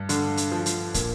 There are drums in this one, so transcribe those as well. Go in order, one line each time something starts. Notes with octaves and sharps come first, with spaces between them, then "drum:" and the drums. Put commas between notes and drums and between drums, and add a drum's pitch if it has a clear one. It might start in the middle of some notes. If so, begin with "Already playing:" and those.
Already playing: G2
D3, drum: hi-hat
drum: hi-hat
F3
drum: hi-hat
A#2, drum: kick, hi-hat